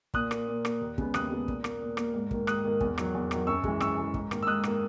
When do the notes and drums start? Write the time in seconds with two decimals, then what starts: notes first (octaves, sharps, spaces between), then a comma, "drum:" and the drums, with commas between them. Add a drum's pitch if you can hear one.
0.14 A#2 D#6 F#6, drum: kick
0.31 A#3, drum: rim click
0.47 A#2
0.65 A#3, drum: rim click
0.81 D#2
0.98 C#3 G#3 B3, drum: kick
1.14 D#2 D#6 F#6, drum: rim click
1.30 C#3 G#3 B3
1.48 A#2, drum: kick
1.64 A#3, drum: rim click
1.81 A#2
1.97 A#3, drum: rim click
2.14 G#2
2.31 D#3 A#3, drum: kick
2.47 G#2 D#6 F#6, drum: rim click
2.64 D#3 A#3
2.81 E2, drum: kick
2.98 D#3 F#3, drum: rim click
3.15 E2
3.31 D#3 F#3, drum: rim click
3.47 F#2 C#6 E6
3.64 E3 G#3, drum: kick
3.80 F#2 C#6 E6, drum: rim click
3.98 E3 G#3
4.14 G#2, drum: kick
4.31 D#3 A#3, drum: rim click
4.43 E6
4.47 G#2 D#6 F#6
4.63 D#3 A#3, drum: rim click